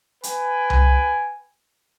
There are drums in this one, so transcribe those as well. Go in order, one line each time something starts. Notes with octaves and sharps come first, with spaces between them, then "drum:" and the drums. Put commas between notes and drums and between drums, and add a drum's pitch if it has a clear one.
B4 G5 G#5, drum: hi-hat
drum: tom C2